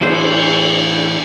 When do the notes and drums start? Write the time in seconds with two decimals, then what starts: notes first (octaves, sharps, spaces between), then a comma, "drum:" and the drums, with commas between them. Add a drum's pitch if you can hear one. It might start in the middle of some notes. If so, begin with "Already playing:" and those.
0.01 E2 A2 E3 C5, drum: cymbal